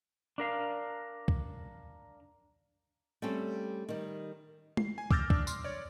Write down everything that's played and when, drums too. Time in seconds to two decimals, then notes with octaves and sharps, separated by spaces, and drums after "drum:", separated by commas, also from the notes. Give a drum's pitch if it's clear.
0.38 D4 A#4 F5
1.28 drum: kick
3.22 G3 A3 C4 C#4 A4
3.89 D#3 G3
4.77 C7, drum: tom G#3
4.98 G#5
5.11 D6 E6 F6 G6 A6 A#6, drum: kick
5.30 D4, drum: kick
5.47 C6, drum: tambourine
5.64 C#5 D5